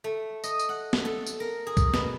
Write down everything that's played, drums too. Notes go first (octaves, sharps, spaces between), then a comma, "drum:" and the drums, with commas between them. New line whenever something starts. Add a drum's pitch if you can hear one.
A3
D#5, drum: tambourine
drum: tambourine
F#5
drum: snare
A4
drum: tambourine
A#4
G#4
drum: kick C2, tambourine
B2, drum: snare